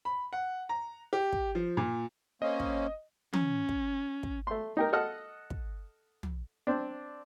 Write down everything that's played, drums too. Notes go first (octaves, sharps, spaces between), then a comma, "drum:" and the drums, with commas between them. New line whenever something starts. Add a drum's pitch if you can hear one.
B5
F#5
A#5
G4
drum: kick
F3
A#2
A#3 C4 C#4 D#5
drum: kick
C#4, drum: tom E3
drum: kick
drum: kick
A3 C6
D#4 G4 A#4
A4 D#5 F#5 F6 F#6
drum: kick
drum: tom
C4 D4